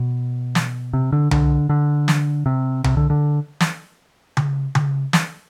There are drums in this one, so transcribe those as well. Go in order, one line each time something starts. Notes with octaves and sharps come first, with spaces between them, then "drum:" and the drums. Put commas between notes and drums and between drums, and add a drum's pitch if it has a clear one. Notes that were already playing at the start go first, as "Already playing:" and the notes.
Already playing: B2
drum: snare
C3
D3
D3, drum: tom C2
D3
drum: snare
C3
C3, drum: tom C2
D3
D3
drum: snare
drum: tom C#3
drum: tom C#3
drum: snare